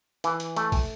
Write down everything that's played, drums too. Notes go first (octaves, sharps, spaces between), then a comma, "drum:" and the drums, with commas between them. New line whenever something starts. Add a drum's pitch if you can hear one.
E3, drum: hi-hat
drum: hi-hat
A3, drum: hi-hat
drum: kick, open hi-hat